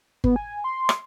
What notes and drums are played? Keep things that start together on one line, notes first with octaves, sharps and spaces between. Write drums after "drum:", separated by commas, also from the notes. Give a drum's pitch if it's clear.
B3, drum: kick G1
G#5
C6
drum: rim click